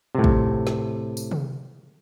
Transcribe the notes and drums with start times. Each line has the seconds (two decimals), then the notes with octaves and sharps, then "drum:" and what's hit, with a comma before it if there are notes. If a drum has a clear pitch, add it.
0.15 A2 C3
0.24 drum: kick
0.67 drum: snare
1.17 drum: tambourine
1.31 drum: tom C3